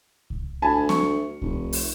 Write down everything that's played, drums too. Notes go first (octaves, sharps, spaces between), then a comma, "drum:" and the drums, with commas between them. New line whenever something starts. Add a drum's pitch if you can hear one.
drum: kick C2
D2 G#5 A5 B5
C#6, drum: snare C4
F1, drum: kick C2
drum: open hi-hat